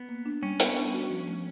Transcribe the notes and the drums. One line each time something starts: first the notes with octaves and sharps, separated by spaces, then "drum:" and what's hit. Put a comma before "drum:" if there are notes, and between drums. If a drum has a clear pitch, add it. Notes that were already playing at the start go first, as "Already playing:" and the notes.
Already playing: B3
A#3
D4
G3 C#4
B3, drum: hi-hat
D4
F#4
F3
A3